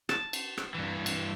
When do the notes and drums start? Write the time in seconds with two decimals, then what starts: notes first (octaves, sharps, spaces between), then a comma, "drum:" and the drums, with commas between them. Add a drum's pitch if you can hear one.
0.09 A5, drum: rim click
0.33 drum: cymbal
0.58 drum: rim click
0.75 G2 E3
1.06 drum: cymbal